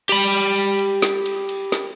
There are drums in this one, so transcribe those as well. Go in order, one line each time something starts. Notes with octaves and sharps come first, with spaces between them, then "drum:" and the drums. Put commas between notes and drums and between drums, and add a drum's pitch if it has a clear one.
G4 B5, drum: cymbal
drum: cymbal
drum: cymbal
drum: cymbal
drum: snare
drum: cymbal
drum: cymbal
drum: snare